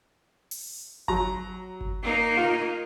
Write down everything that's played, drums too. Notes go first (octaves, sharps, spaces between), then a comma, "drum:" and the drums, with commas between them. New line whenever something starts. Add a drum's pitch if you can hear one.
drum: open hi-hat
F#3 A#5, drum: kick G1
drum: kick G1
A#3 D#4
F4